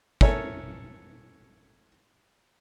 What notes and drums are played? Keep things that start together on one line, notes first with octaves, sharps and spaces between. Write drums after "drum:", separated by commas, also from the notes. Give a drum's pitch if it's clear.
A4 A#4 C#5 E5 G#5, drum: kick